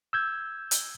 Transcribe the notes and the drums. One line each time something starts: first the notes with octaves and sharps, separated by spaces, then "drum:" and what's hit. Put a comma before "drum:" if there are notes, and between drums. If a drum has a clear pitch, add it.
E6 G6 G#6
drum: hi-hat